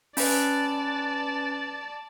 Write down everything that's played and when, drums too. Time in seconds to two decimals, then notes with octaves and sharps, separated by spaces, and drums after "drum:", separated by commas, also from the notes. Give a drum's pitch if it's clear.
0.17 C#4 B4 D5 A5, drum: open hi-hat